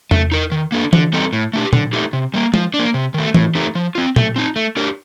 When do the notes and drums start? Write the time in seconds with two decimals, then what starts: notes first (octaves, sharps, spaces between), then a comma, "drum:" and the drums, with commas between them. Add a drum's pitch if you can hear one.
0.11 A3, drum: tom E2
0.32 D#4 A#4
0.52 D#3
0.72 A#3 D4 A4
0.93 D3, drum: tom E3
1.13 G3 C4 D#4 A4
1.33 A2
1.53 A3 D4 G4
1.73 D3, drum: tom
1.93 A3 D#4 G4
2.13 C3
2.34 G3 A#3
2.54 F3, drum: tom
2.74 D4
2.79 A#3
2.94 C3
3.14 D#3 A3
3.34 A2, drum: tom E3
3.55 A3 D#4 G4
3.75 F3
3.95 C4 F4
4.16 A3, drum: tom
4.36 C4 D#4
4.56 A3
4.77 D4 G4 A#4